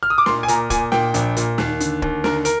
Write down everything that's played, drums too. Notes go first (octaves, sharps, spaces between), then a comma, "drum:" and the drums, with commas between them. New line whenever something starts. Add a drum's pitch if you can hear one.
F6
D#6
D6
A#2 C6, drum: snare
G#5
A#2 A#5, drum: hi-hat
A#2 G#5, drum: kick, hi-hat
A#2 G5, drum: snare
A#1, drum: hi-hat
A#2, drum: hi-hat
D#2, drum: snare
D3, drum: hi-hat
D#2, drum: kick
D3 A#4, drum: snare
A#4, drum: hi-hat